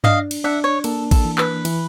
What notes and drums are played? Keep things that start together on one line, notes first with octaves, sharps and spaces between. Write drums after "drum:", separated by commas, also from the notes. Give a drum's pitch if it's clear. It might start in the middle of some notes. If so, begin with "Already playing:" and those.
D4 D#5 F5, drum: tom G2
drum: cymbal
D4 E5 F#5
C#5
A#3 A4, drum: cymbal
A4, drum: kick A1, cymbal
E3
B4, drum: clap
E3, drum: cymbal